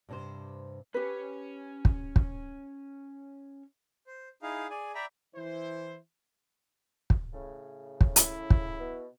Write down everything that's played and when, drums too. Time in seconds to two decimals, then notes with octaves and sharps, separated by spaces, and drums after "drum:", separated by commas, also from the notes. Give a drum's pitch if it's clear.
0.09 G2 C3 C5
0.94 C#4 G4 B4 C#5
1.85 drum: kick
2.16 drum: kick
4.07 C5
4.42 D#4 E4 G#4 F5
4.70 G#4 D5 G#5
4.95 D5 E5 G5 A#5 B5
5.35 E3 E4 C5
7.10 drum: kick
7.33 A2 C#3
8.01 drum: kick
8.16 E4, drum: hi-hat
8.50 drum: kick
8.79 B2